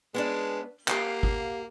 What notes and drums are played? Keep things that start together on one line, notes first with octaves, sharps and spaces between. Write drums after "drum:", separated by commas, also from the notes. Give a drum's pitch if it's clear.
G#3 B3 C#4 D4
A#3 G4 F5 F#5, drum: clap
drum: kick